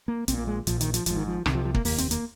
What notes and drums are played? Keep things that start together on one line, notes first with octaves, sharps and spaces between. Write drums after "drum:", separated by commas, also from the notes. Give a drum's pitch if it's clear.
A#3
A#1 A#2 C4, drum: hi-hat
A#3
G#3
A#1 A#2 F3, drum: hi-hat
D#3, drum: hi-hat
F3, drum: hi-hat
G#1 G#2 F3, drum: hi-hat
D#3
F3
C2 C3 D#3, drum: rim click
F3
F3
A#3, drum: kick
F1 D#2 A#3, drum: open hi-hat
C4, drum: hi-hat
A#3, drum: hi-hat